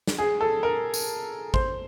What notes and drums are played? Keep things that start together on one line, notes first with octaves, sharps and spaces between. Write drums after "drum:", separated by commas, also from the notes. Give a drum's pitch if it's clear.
drum: snare
G#4
A4
A#4
drum: tambourine
C5, drum: kick